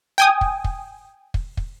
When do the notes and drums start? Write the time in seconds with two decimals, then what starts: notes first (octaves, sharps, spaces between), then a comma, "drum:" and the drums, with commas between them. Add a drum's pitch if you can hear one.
0.18 G5 G#5 D#6
0.41 drum: kick
0.64 drum: kick
1.34 drum: kick
1.57 drum: kick